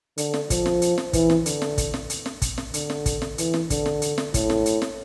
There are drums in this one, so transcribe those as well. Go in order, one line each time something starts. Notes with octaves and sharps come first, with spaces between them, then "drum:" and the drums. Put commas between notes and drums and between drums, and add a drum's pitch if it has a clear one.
D3, drum: hi-hat
drum: snare
F3, drum: kick, hi-hat
drum: snare
drum: hi-hat
drum: snare
E3, drum: kick, hi-hat
drum: snare
D3, drum: hi-hat
drum: snare
drum: kick, hi-hat
drum: snare
drum: hi-hat
drum: snare
drum: kick, hi-hat
drum: snare
D3, drum: hi-hat
drum: snare
drum: kick, hi-hat
drum: snare
E3, drum: hi-hat
drum: snare
D3, drum: kick, hi-hat
drum: snare
drum: hi-hat
drum: snare
A2, drum: kick, hi-hat
drum: snare
drum: hi-hat
drum: snare